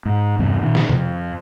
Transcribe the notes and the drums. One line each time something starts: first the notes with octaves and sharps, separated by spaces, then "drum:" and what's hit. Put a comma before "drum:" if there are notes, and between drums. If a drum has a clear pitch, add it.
G#2
E2 G2 C3
A#2 D#3
drum: snare
F2, drum: tom